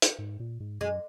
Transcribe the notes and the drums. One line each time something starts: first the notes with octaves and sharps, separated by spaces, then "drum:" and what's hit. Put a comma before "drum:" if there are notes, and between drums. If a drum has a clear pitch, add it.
drum: hi-hat
G#2
A#2
G#2
F#2 G#3